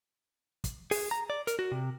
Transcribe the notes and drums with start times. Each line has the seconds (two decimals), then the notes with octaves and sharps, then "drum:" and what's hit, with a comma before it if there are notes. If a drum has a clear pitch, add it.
0.64 drum: kick, hi-hat
0.91 G#4, drum: open hi-hat
1.11 A#5
1.30 D5
1.47 A#4, drum: hi-hat
1.59 F#4
1.72 C3